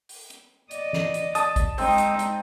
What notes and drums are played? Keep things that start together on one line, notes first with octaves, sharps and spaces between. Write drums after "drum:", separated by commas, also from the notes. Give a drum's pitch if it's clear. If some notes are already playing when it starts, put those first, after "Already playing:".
drum: open hi-hat
drum: hi-hat
D5 D#5, drum: hi-hat
drum: snare
drum: hi-hat
A5 D#6, drum: hi-hat
drum: kick A1, hi-hat
G#3 C4 D#4, drum: open hi-hat
drum: hi-hat
drum: hi-hat